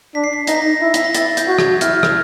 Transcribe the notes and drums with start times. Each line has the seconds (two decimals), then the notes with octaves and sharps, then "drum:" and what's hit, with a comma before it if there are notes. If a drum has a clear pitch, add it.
0.15 D4 B6
0.24 C7
0.33 B6
0.47 D#4 A#6, drum: hi-hat
0.55 B6
0.62 A#6
0.81 E4
0.94 B6, drum: hi-hat
1.04 A#6
1.14 E4 A6, drum: hi-hat
1.37 G6, drum: hi-hat
1.47 F#4 G6
1.59 G#6, drum: rim click
1.81 E4 F6, drum: hi-hat
2.03 drum: rim click